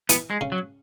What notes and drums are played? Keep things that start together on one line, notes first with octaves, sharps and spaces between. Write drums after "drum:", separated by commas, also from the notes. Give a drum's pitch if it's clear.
E3 B3, drum: hi-hat
G#3
C#3
F#3